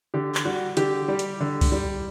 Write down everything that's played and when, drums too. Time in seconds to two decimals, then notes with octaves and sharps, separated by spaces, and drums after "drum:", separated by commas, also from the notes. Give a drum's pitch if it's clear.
0.14 D3 G4
0.35 drum: clap
0.45 G3 F#4
0.77 D3 G4, drum: hi-hat
1.08 G3
1.19 drum: hi-hat
1.40 D3
1.61 drum: kick C2, open hi-hat
1.72 G3